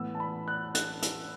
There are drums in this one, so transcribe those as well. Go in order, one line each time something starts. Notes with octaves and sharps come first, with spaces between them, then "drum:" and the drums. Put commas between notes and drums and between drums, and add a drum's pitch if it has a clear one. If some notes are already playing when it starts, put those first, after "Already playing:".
Already playing: A2 E3 B3 E6
A5
B5
F#6
F#6, drum: hi-hat
E6, drum: hi-hat